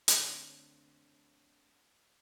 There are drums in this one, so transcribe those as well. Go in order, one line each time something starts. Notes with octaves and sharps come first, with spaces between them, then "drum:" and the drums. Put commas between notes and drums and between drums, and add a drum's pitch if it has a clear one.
D3 A3 C4 D4 C#5, drum: hi-hat